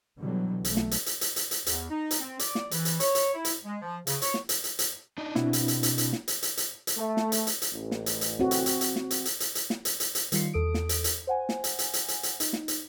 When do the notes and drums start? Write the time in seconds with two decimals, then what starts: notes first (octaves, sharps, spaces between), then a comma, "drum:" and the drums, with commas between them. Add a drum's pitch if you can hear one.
0.18 B2 D3 E3 F#3 G3
0.65 B1 A3, drum: hi-hat
0.77 drum: snare
0.91 drum: hi-hat
1.06 drum: hi-hat
1.21 drum: hi-hat
1.36 drum: hi-hat
1.51 drum: hi-hat
1.66 E2, drum: hi-hat
1.89 D#4
2.11 drum: hi-hat
2.20 C4
2.39 D5, drum: hi-hat
2.55 drum: snare
2.71 E3, drum: hi-hat
2.85 drum: hi-hat
3.00 C#5, drum: hi-hat
3.15 drum: hi-hat
3.34 E4
3.45 drum: hi-hat
3.65 G#3
3.82 F3
4.07 C#3, drum: hi-hat
4.22 C#5, drum: hi-hat
4.34 drum: snare
4.49 drum: hi-hat
4.64 drum: hi-hat
4.79 drum: hi-hat
5.18 D4 D#4 D#5
5.35 B2 C4 D4 E4, drum: snare
5.53 drum: hi-hat
5.68 drum: hi-hat
5.83 drum: hi-hat
5.98 drum: hi-hat
6.13 drum: snare
6.28 drum: hi-hat
6.42 drum: hi-hat
6.57 drum: hi-hat
6.87 drum: hi-hat
6.96 A3
7.17 drum: snare
7.32 drum: hi-hat
7.47 drum: hi-hat
7.62 drum: hi-hat
7.72 A1
7.91 drum: snare
8.06 drum: hi-hat
8.21 drum: hi-hat
8.39 C4 F#4
8.51 drum: hi-hat
8.66 drum: hi-hat
8.81 drum: hi-hat
8.96 drum: snare
9.11 drum: hi-hat
9.25 drum: hi-hat
9.40 drum: hi-hat
9.55 drum: hi-hat
9.70 drum: snare
9.85 drum: hi-hat
10.00 drum: hi-hat
10.15 drum: hi-hat
10.32 D#3 G3 F4 C7 C#7, drum: hi-hat
10.53 E2 A4 D#6 D7
10.74 drum: snare
10.89 drum: hi-hat
11.04 drum: hi-hat
11.27 C5 F#5 G#5
11.49 drum: snare
11.64 drum: hi-hat
11.79 drum: hi-hat
11.93 drum: hi-hat
12.08 drum: hi-hat
12.23 drum: hi-hat
12.40 D#4, drum: hi-hat
12.53 drum: snare
12.68 drum: hi-hat